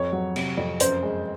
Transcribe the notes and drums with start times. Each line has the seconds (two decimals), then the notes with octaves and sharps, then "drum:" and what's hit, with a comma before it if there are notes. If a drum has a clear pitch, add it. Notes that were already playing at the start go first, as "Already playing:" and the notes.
Already playing: F2 C#5
0.13 F#3
0.36 C3, drum: cymbal
0.57 F2
0.80 F#2 C5, drum: hi-hat
1.03 G#3